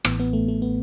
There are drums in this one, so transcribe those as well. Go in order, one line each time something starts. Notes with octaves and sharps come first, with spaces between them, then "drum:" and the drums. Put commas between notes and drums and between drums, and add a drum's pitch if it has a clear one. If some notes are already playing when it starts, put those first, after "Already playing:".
A1 A2 E3 B3, drum: rim click
B3
A3
A3
B3